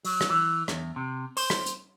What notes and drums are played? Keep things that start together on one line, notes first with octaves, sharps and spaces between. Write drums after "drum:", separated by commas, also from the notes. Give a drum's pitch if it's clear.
F#3, drum: open hi-hat
drum: rim click
E3
E2, drum: rim click
C3
C5, drum: open hi-hat
drum: rim click
drum: hi-hat